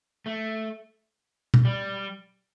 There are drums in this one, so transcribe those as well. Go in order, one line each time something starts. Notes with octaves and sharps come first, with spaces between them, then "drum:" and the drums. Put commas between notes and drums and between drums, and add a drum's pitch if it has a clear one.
A3
drum: tom B2
G3